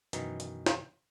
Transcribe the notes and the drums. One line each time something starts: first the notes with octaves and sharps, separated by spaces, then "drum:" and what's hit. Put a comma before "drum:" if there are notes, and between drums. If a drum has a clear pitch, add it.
F#2 B2 D#3 E3 D#4, drum: hi-hat
drum: hi-hat
drum: snare